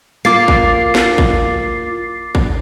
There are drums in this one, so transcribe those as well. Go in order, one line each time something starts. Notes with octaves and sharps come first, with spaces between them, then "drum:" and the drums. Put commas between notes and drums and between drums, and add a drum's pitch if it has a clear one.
A#3 F4 D6 A6 C7
drum: kick
drum: snare
drum: kick
drum: kick